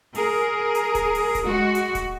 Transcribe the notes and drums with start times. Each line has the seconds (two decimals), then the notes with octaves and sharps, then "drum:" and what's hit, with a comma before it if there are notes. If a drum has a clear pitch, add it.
0.15 G#4 A#4, drum: open hi-hat
0.75 drum: hi-hat
0.95 drum: kick D1, hi-hat
1.15 drum: open hi-hat
1.35 drum: kick D1, hi-hat
1.44 G#3 F#4
1.75 drum: hi-hat
1.95 drum: kick D1, hi-hat